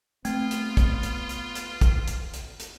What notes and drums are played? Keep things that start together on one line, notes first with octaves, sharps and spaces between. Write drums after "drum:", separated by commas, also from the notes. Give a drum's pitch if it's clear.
A3 B3 C4 F4, drum: hi-hat
drum: hi-hat
drum: kick, hi-hat
drum: hi-hat
drum: hi-hat
drum: hi-hat
drum: kick, hi-hat
drum: hi-hat
drum: hi-hat
drum: hi-hat